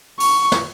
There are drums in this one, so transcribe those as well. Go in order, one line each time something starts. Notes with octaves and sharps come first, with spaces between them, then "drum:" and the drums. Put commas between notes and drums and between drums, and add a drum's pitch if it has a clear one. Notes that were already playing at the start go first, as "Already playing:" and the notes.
C#6, drum: open hi-hat
drum: snare